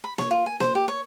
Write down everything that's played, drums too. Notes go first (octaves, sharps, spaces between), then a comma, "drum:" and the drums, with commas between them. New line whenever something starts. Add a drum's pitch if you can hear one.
B5
C#5, drum: snare A#3
F4
G#5
C5, drum: snare A#3
G4
C#5